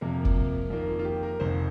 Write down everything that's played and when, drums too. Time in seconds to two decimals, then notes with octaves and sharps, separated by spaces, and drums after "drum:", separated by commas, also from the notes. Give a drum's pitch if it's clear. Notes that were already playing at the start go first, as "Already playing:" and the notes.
0.01 F2 C3 F3 A#3 A#4
0.25 drum: kick
0.70 F2 D#3 A#3 F4
0.88 F4
0.99 F4
1.05 G4
1.23 A#4
1.40 F1 F2 D#3 C5